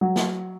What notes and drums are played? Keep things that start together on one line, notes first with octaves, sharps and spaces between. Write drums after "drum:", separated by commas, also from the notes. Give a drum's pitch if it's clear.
F#3
drum: snare